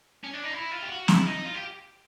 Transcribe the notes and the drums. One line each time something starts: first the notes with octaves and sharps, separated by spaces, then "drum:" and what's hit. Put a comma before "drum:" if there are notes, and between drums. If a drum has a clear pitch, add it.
C#4
D4
D#4
E4
F4
G4
F#4
E4, drum: snare
E4
D#4
F4
G4